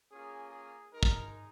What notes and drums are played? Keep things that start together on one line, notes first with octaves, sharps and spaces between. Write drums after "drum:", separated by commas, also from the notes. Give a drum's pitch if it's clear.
A#3 C#4 F4 G#4
G#4
G#3 D#4 A#4
drum: kick